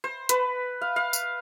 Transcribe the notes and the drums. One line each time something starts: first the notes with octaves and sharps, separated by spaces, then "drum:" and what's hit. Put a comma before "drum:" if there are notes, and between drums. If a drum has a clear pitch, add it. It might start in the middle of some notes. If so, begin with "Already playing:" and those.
C5
B4, drum: hi-hat
F5
F5
drum: tambourine